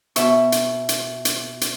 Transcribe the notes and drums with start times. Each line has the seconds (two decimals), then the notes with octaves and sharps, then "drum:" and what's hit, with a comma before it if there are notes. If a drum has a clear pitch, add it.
0.16 B2 E5 C#6, drum: hi-hat
0.52 drum: hi-hat
0.89 drum: hi-hat
1.25 drum: hi-hat
1.61 drum: hi-hat